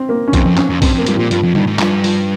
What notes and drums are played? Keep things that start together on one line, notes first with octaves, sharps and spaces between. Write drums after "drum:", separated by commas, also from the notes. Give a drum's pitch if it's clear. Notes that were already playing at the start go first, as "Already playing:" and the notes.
Already playing: C4
A#3
C#4
F2 C4, drum: kick, hi-hat
F2
C#4, drum: clap
F2
G2 C4, drum: kick, open hi-hat
F2
A#3
G2 G3, drum: hi-hat
A#2 F3
G2 F3, drum: hi-hat
F2
G2 D#3, drum: tom D3
G#2
G2 F3, drum: clap
F3, drum: open hi-hat